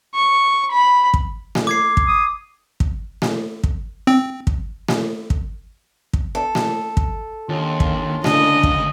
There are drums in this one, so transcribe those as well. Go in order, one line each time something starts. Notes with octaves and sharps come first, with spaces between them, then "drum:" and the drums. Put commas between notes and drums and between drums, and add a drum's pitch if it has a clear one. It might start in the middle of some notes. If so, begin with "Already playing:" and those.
C#6
B5
drum: kick
drum: snare A3
D6 G#6 C7
drum: kick
D#6
drum: kick
drum: snare A3
drum: kick
C4
drum: kick
drum: snare A3
drum: kick
drum: kick
A4
drum: snare A3
drum: kick
D#2 C#4 D4 F4
drum: kick
D2 C#3 D4 D#5, drum: snare A3
drum: kick